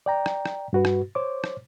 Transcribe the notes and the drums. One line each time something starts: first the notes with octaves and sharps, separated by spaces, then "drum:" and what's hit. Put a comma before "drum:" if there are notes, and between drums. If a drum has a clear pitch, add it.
D5 G5 A#5
drum: rim click
drum: rim click
G2 F#4 B4
drum: rim click
C5 C#5 D6
drum: rim click